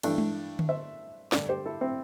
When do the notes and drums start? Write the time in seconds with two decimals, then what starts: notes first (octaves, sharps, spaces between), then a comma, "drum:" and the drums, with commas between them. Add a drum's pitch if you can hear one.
0.03 G2 E3 A3 D4, drum: cymbal
0.18 drum: tom G#3
0.59 drum: tom D3
0.69 C5 E5
1.32 G2 D3 A4 D5, drum: snare
1.49 G4 C5
1.66 E4 A4
1.81 C4 E4